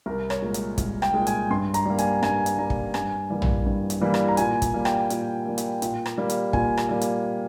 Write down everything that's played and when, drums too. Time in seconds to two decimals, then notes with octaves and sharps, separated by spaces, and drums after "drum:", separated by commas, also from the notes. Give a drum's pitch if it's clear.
0.06 C2 A#4
0.30 C#5, drum: rim click
0.42 A#2 G#3
0.54 drum: hi-hat
0.78 C2, drum: kick, hi-hat
1.02 G5, drum: rim click
1.14 A#2 G#3
1.27 G#5, drum: hi-hat
1.51 G2 C6
1.74 A#5, drum: hi-hat
1.85 G3 A#3
1.98 G#5, drum: hi-hat
2.23 G2 G#5, drum: rim click
2.46 drum: hi-hat
2.58 G3 A#3 A#5
2.70 drum: kick
2.94 G2 G#5, drum: rim click
3.30 E3 G3 A#3
3.42 drum: tom A#1
3.66 G2
3.90 drum: hi-hat
4.01 E3 G3 A#3
4.14 drum: rim click
4.28 A#5
4.37 A#2 G#5, drum: hi-hat
4.62 drum: kick, hi-hat
4.74 G3 A#3
4.85 G5, drum: rim click
5.10 A#2, drum: hi-hat
5.45 G3 A#3
5.58 drum: hi-hat
5.82 A#2, drum: hi-hat
6.06 drum: rim click
6.18 G3 A#3
6.30 drum: hi-hat
6.53 A#2 G#5, drum: kick
6.77 drum: rim click
6.89 G3 A#3
7.01 drum: hi-hat